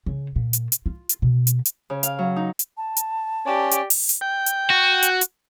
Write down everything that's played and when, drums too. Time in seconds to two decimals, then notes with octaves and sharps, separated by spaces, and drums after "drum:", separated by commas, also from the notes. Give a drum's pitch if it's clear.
0.06 C#3
0.36 A#2
0.53 drum: hi-hat
0.72 drum: hi-hat
0.86 F4
1.09 drum: hi-hat
1.22 B2
1.47 drum: hi-hat
1.65 drum: hi-hat
1.90 C#3
2.03 F5, drum: hi-hat
2.19 F#3
2.36 D#4
2.59 drum: hi-hat
2.77 A5
2.97 drum: hi-hat
3.46 C#4 G4 D5
3.71 drum: hi-hat
3.90 drum: open hi-hat
4.09 drum: hi-hat
4.21 G5
4.46 drum: hi-hat
4.70 F#4
5.02 drum: hi-hat
5.21 drum: hi-hat